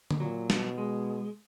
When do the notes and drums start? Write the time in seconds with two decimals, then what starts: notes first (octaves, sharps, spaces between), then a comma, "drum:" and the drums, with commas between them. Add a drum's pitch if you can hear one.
0.11 drum: tom D3
0.20 A#2 F#3
0.50 B2, drum: snare
0.78 G#3